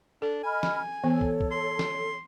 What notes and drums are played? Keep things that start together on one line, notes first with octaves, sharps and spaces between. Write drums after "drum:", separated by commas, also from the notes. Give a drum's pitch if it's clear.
D4 A4
D#5 G#5 B5 F6
drum: snare
E3 B3 A4 C#5
drum: kick
drum: kick
C6
drum: snare